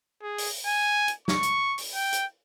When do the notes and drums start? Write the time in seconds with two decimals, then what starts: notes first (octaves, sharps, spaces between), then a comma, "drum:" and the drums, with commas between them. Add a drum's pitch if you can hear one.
0.22 G#4
0.38 drum: open hi-hat
0.67 G#5
1.08 drum: hi-hat
1.28 C#6, drum: snare
1.43 drum: hi-hat
1.78 drum: open hi-hat
1.95 G5
2.13 drum: hi-hat